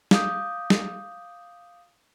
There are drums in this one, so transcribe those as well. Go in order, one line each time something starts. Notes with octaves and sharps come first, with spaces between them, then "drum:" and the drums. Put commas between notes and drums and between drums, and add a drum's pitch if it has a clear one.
F5 D6 D#6 G6, drum: snare
drum: snare